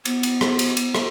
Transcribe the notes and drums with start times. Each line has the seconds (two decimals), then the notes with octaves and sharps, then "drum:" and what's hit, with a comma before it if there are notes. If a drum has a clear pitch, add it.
0.05 B3, drum: cymbal
0.23 drum: cymbal
0.41 drum: rim click
0.59 drum: cymbal
0.77 drum: cymbal
0.95 drum: rim click